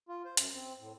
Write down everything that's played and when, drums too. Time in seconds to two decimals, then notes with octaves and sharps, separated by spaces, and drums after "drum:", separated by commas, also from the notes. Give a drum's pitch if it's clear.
0.09 F4
0.25 C5
0.37 F#2, drum: hi-hat
0.55 C4
0.79 A2